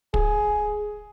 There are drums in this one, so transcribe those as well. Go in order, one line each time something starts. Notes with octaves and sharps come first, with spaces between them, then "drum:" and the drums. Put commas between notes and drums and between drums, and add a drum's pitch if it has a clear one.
G#4, drum: kick